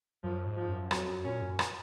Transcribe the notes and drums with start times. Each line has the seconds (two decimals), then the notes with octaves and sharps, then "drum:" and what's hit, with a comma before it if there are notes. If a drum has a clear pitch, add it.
0.23 F#2 F3
0.46 G#2
0.57 F3
0.69 F#2
0.91 F2 F#3, drum: rim click
1.08 F#2
1.25 A#2 C#4
1.42 F#2
1.59 drum: rim click